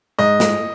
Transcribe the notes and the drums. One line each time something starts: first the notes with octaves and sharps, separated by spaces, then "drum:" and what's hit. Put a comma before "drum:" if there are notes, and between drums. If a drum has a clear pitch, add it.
G#2 D#5
drum: snare